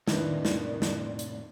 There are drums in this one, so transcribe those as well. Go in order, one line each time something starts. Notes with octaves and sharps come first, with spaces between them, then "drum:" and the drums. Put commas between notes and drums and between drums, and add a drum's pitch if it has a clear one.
A2 C3 D#3 D4 E4 B4 D5, drum: snare
drum: snare
drum: snare
drum: hi-hat